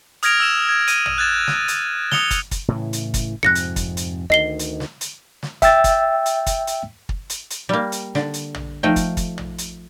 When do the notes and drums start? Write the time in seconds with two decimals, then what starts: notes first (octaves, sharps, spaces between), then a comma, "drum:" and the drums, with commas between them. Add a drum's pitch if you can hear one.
0.23 D#6 F6 G#6 A#6 D7 F7, drum: hi-hat
0.40 E6 E7
0.69 G#6
0.88 D#7, drum: hi-hat
1.06 drum: tom
1.18 F#6 G#6 A6 E7
1.47 drum: snare
1.68 drum: hi-hat
2.12 D#6 C#7 F7 G7, drum: snare
2.31 drum: kick, hi-hat
2.51 drum: kick, hi-hat
2.68 A2 C#3 E3
2.93 drum: hi-hat
3.14 drum: kick, hi-hat
3.43 F2 G#2 C3 F#6 A#6 C#7
3.55 drum: hi-hat
3.76 drum: kick, hi-hat
3.97 drum: hi-hat
4.30 D2 D#3 D#5 C7 G7
4.59 drum: hi-hat
4.80 drum: snare
5.01 drum: hi-hat
5.43 drum: snare
5.62 E5 G5 E6 A6, drum: kick, hi-hat
5.84 drum: kick, hi-hat
6.26 drum: hi-hat
6.47 drum: kick, hi-hat
6.67 drum: hi-hat
7.09 drum: kick
7.30 drum: hi-hat
7.51 drum: hi-hat
7.69 G3 A#3
7.92 drum: hi-hat
8.15 D3, drum: snare
8.34 drum: hi-hat
8.55 drum: tom
8.83 F3 A3 D#4 G5
8.96 drum: kick, hi-hat
9.17 drum: kick, hi-hat
9.38 drum: tom
9.59 drum: hi-hat